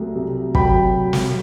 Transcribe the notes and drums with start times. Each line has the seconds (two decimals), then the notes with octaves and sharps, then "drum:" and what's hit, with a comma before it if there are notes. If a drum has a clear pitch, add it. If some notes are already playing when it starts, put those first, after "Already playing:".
Already playing: C2 F#3 A3
0.16 C3
0.55 F#3 G5 B5, drum: kick
1.13 drum: snare